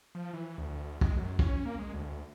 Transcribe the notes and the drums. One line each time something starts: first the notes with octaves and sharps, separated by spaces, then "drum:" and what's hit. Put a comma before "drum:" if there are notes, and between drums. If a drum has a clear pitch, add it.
F3
E3
D2
G#3, drum: kick
F#2
C#4, drum: kick
A#3
G#3
D2